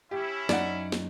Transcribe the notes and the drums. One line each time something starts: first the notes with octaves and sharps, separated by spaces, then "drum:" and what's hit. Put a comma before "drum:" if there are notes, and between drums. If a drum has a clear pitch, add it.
C#4 E4 G4
F#2 D#4 D5 F#5, drum: snare
drum: snare